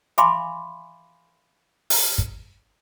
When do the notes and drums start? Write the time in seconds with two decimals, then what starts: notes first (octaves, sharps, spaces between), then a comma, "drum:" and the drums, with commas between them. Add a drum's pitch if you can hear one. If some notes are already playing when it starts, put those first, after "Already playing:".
0.18 E5 F5 G#5 B5 C6 D6, drum: hi-hat
1.90 drum: open hi-hat
2.18 drum: kick